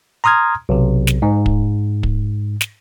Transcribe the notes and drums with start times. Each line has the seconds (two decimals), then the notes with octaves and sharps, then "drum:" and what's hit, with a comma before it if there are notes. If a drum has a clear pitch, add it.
0.24 A#5 C6 D#6 F6 G#6
0.69 B1 C3
1.07 drum: snare
1.22 G#2
1.46 drum: kick
2.03 drum: kick
2.61 drum: snare